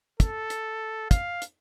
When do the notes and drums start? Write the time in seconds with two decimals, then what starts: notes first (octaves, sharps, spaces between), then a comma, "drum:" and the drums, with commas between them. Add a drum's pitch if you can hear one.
0.20 A4, drum: kick, hi-hat
0.50 drum: hi-hat
1.11 F5, drum: kick, hi-hat
1.42 drum: hi-hat